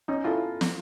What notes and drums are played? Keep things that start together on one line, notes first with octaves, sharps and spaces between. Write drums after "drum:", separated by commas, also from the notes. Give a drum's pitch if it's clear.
C#4 D#4
E4 F4 A4
drum: snare